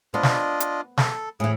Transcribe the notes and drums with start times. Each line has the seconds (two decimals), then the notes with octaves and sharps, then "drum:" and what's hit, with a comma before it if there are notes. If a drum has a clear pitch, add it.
0.14 B3 D4 F4 D#5
0.23 drum: snare
0.60 drum: hi-hat
0.97 A4, drum: snare
1.40 A2 E3 G#4